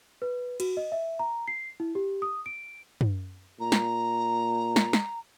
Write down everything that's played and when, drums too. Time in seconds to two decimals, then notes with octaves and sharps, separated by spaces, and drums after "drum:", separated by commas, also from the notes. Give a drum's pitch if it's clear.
0.22 B4
0.60 F#4, drum: cymbal
0.77 D#5
0.92 E5
1.19 A#5
1.48 C7
1.80 E4
1.95 G4
2.22 D#6
2.46 D7
3.01 drum: tom
3.60 A#2 A#5
3.72 drum: snare
4.76 drum: snare
4.93 drum: snare